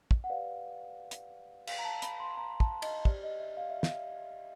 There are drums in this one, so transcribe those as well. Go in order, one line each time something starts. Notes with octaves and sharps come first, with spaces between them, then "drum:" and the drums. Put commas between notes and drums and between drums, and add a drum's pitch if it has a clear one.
drum: kick
F#5
G4 B4 D5 F5
drum: hi-hat
F5, drum: cymbal
A#5
A5
B5, drum: hi-hat
C6
A#5
A5, drum: kick
D#5, drum: cymbal
G4 C5 D5, drum: kick
D#5
E5
F5
E5
F5, drum: snare